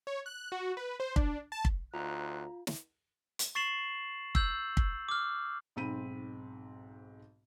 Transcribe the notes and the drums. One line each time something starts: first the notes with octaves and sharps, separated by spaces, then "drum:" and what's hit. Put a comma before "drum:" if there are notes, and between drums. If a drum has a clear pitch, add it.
C#5
F#6
F#4
B4
C5
D4, drum: kick
A5
drum: kick
D2 D#4 F4 C5 A#5 F#6
drum: snare
drum: hi-hat
C#6 A6 C7 E7 F#7
E6 G6 F#7, drum: kick
drum: kick
D6 F6
B1 G#2 C4 B5 D#7